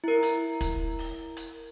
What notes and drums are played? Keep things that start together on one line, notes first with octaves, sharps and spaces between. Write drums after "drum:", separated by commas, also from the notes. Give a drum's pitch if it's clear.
E4 A#4
drum: hi-hat
drum: kick, hi-hat
drum: open hi-hat
drum: hi-hat